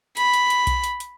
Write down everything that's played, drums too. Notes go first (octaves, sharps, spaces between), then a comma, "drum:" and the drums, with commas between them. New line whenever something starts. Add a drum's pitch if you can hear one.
B5, drum: hi-hat
drum: hi-hat
drum: hi-hat
drum: kick B1, hi-hat
drum: hi-hat
drum: hi-hat